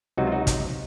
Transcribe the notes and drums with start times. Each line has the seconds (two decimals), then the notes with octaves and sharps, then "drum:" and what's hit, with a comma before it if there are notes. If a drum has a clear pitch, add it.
0.17 C#2 C3 F#3 D#4 F#4
0.27 F4
0.32 D#4 F#4
0.47 drum: kick, hi-hat